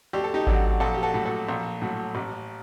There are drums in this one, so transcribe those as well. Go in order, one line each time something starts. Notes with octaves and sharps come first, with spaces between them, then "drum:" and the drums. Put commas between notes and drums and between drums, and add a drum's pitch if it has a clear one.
D2 G4
A4
D#4 G4
D3 F#3, drum: kick G#1
A#1 F#4 A4
G4
F#4 A4
A2 F#3
F#4 A4
A#1
A2 F#3
A1